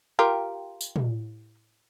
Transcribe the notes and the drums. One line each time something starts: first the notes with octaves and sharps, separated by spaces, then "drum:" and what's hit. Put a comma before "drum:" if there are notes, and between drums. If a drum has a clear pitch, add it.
F4 G4 A#4
drum: tambourine
drum: tom